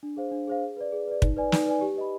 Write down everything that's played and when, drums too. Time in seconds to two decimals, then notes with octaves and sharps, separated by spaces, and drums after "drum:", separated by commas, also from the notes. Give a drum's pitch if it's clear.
0.03 D4
0.17 G#4 C5 F5
0.32 D4
0.47 G#4 C5 F5
0.61 G#4
0.77 B4 D5
0.92 G#4
1.08 B4 D5
1.22 D#4, drum: kick
1.37 B4 D5 G#5
1.52 D#4, drum: snare
1.66 B4 D5 G#5
1.81 G4
1.96 B4 D#5 B5